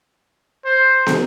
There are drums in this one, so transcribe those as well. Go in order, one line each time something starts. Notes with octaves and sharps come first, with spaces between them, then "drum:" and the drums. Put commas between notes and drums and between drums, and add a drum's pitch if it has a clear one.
C5
drum: snare